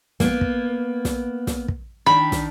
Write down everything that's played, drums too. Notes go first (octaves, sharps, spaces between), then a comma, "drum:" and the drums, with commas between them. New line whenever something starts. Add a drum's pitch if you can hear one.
A#3 B3, drum: snare
drum: kick
drum: snare
drum: snare
drum: kick
D#3 D4 B5
drum: snare